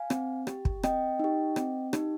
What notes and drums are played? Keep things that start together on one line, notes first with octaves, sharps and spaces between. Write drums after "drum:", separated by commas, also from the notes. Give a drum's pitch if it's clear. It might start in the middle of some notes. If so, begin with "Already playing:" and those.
Already playing: F5 G#5
C4, drum: rim click
G4, drum: rim click
drum: kick
C4 D#5 G5, drum: rim click
D#4 G4
C4, drum: rim click
D#4 G4, drum: rim click